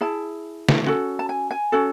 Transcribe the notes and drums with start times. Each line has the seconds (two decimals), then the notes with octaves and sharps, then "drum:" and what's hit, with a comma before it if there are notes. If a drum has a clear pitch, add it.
0.01 E4 G#4 A5
0.69 drum: snare
0.86 C#4 F#4 A4
1.19 A5
1.29 G#5
1.51 G#5
1.72 C#4 F#4 A4